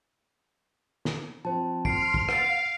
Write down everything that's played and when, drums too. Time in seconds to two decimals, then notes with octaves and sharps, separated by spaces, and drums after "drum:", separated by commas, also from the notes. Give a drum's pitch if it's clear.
1.05 drum: snare
1.45 F3 C4 C5 A5
1.85 C6 F6 C7 D7, drum: kick
2.14 drum: kick
2.29 F5 F#5 A6 C7 D7, drum: rim click